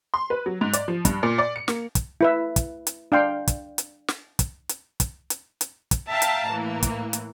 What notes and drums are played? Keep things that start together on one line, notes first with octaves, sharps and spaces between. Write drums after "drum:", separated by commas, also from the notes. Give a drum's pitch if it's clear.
C6
B4
F#3
G#2
D5, drum: hi-hat
F3
G2, drum: kick, hi-hat
A#2
D5
C#7
A#3, drum: snare
drum: kick, hi-hat
E4 B4 E5
drum: kick, hi-hat
drum: hi-hat
D4 F5 G5 C6
drum: kick, hi-hat
drum: hi-hat
drum: snare
drum: kick, hi-hat
drum: hi-hat
drum: kick, hi-hat
drum: hi-hat
drum: hi-hat
drum: kick, hi-hat
E5 F5 G5 A5 A#5
drum: hi-hat
A2 E3 A#3
drum: kick, hi-hat
drum: hi-hat